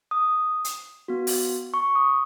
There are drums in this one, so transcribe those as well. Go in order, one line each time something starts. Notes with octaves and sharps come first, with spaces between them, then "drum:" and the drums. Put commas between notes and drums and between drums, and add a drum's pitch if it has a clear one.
D#6
drum: hi-hat
B3 F#4
drum: open hi-hat
C#6
D#6